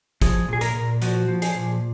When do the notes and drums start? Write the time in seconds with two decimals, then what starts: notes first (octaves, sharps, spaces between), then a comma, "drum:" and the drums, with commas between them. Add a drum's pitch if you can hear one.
0.22 F3 G#4, drum: kick, hi-hat
0.48 A#2 G#4
0.61 A#4, drum: hi-hat
0.75 A#2
1.02 F3 F#4, drum: hi-hat
1.28 F3
1.42 G#4, drum: hi-hat
1.55 A#2